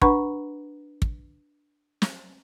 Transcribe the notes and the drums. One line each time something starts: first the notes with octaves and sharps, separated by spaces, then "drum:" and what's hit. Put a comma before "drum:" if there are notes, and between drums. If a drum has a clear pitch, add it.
D4 B4 F#5 A#5 B5 C#6, drum: kick
drum: kick
drum: snare